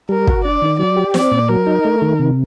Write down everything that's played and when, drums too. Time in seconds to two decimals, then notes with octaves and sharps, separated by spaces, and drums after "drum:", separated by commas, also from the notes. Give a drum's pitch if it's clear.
0.09 G3 A#4
0.27 F#4, drum: kick
0.44 D4 D5
0.62 D#3
0.79 F#3 D5
0.96 G4
1.14 C4 D5, drum: snare
1.32 A#2
1.49 F#3 A#4
1.67 D#4
1.85 A3
2.02 D#3
2.19 C3